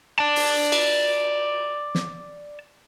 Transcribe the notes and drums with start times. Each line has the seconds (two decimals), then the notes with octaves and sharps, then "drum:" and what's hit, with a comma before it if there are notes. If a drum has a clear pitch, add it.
0.19 D5 A5
0.36 drum: open hi-hat
0.72 drum: cymbal
1.95 drum: snare